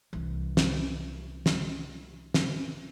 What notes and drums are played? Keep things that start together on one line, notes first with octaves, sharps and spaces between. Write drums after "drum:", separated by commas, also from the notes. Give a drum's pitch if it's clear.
C2 E3
drum: snare
drum: snare
drum: snare